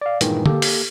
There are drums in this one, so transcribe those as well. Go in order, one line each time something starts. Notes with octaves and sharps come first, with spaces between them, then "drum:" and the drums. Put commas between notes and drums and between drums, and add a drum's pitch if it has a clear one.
D5 F5
G2 A#2 D#3 E3 G#3, drum: hi-hat
A#3 G4 A4, drum: tom D3
drum: open hi-hat